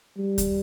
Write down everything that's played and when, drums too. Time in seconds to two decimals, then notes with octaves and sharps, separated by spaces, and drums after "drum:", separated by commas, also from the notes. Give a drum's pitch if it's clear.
0.17 G3
0.38 drum: kick D#2, hi-hat